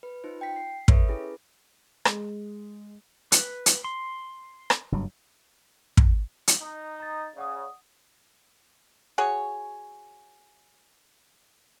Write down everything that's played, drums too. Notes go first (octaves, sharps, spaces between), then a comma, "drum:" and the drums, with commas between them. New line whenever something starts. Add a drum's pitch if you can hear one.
B4
D#4 F4 C5
G5 B6
C7
A4 B4 C#5 E5, drum: kick
C#4 E4 G#4 B4
G#3, drum: rim click
B4, drum: hi-hat
drum: hi-hat
C6
drum: rim click
F#1 G2 F#3
drum: kick
drum: hi-hat
D#4
A#5 A6
C#3 D5 F#5 D#6
F#4 G#4 C#5